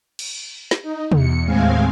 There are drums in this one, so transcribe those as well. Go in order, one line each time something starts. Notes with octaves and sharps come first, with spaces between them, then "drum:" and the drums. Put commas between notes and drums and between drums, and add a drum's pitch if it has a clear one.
drum: cymbal
drum: snare
D#4
E2 C#7, drum: tom
D#2 A2 G#3 C4 F5 G#5